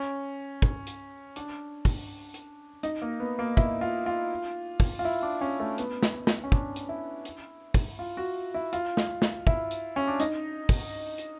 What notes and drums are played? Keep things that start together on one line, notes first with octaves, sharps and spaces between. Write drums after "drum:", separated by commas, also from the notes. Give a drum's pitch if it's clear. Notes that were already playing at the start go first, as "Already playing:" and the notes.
Already playing: C#4
drum: kick
drum: hi-hat
D4, drum: hi-hat
drum: kick, open hi-hat
drum: hi-hat
D#4, drum: hi-hat
A#3
B3
A#3
E4, drum: kick
F4
F4
drum: kick, open hi-hat
F4
E4
D4
C#4
A3
B3, drum: hi-hat
drum: snare
drum: snare
C#4
D4, drum: kick
drum: hi-hat
E4
drum: hi-hat
drum: kick, open hi-hat
F4
F#4
E4
F4, drum: hi-hat
drum: snare
drum: snare
E4, drum: kick
drum: hi-hat
C#4
D4
D#4, drum: hi-hat
drum: kick, open hi-hat
drum: hi-hat